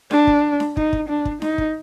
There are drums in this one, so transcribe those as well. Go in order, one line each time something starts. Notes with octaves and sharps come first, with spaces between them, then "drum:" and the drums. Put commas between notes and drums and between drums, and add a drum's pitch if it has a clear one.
D4, drum: snare D4
drum: kick
drum: snare D4
D#4, drum: kick
drum: kick
D4
drum: kick
D#4, drum: snare D4
drum: kick